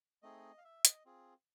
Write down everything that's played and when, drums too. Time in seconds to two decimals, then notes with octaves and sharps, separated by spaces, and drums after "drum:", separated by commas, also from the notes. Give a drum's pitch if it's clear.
0.22 A3 C4 D#4 G#4 D#5
0.58 F5
0.64 E5
0.85 D#5, drum: hi-hat
1.06 C4 F4 G#4